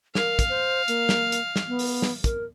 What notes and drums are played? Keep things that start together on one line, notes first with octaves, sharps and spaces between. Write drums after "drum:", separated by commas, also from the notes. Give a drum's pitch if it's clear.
A#4 F5, drum: snare
drum: kick, hi-hat
C5
A#3, drum: hi-hat
drum: snare
drum: hi-hat
drum: snare
B3
drum: open hi-hat
drum: snare
A#4, drum: kick, hi-hat